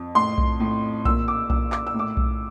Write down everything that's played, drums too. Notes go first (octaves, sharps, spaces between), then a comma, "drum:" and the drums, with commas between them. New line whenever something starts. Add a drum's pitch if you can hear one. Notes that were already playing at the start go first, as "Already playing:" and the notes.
Already playing: F2
A2 C6
drum: kick B1
A2
A#2 E6, drum: kick B1
D6
A#2 E6, drum: kick B1
D6, drum: clap
E6
A2
D6
drum: kick B1